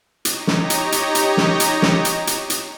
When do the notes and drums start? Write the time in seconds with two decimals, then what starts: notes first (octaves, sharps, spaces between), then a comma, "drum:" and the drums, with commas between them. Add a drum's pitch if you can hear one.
0.25 D#4 G4 C#5 D#5 A#5, drum: hi-hat
0.47 drum: snare
0.70 drum: hi-hat
0.92 drum: hi-hat
1.15 drum: hi-hat
1.37 drum: snare
1.60 drum: hi-hat
1.82 drum: snare
2.05 drum: hi-hat
2.27 drum: hi-hat
2.50 drum: hi-hat